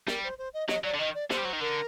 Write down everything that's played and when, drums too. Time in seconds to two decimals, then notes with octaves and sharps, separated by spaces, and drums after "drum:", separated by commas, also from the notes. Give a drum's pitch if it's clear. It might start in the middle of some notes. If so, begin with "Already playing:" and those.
0.07 G3 A#4, drum: snare
0.24 C5
0.38 C5
0.54 D#5
0.68 F#3 D#5, drum: snare
0.84 F#3 D5
0.94 D3
0.99 D#3 D#5
1.14 D5
1.30 D3 C5, drum: snare
1.37 G3
1.45 F#3
1.53 D#3
1.60 D3 A#4